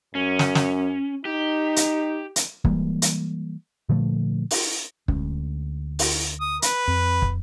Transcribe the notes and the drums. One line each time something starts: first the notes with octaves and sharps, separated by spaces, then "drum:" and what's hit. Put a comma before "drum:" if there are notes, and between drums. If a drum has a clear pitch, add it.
F#2 C#4
drum: snare
drum: snare
D#4 G4
drum: hi-hat
drum: hi-hat
E3 G3 G#3 A#3, drum: kick
drum: hi-hat
A#2 D3 F3 A3
drum: open hi-hat
D2 G#3 C#4, drum: kick
drum: open hi-hat
D#6
B4, drum: hi-hat
F2 C4
drum: kick